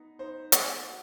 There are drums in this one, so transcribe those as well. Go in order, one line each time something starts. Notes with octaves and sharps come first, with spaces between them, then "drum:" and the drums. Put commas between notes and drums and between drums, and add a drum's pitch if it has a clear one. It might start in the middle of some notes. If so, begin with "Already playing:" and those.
Already playing: B3 D#4
D#4 C5
F#4, drum: hi-hat
F#4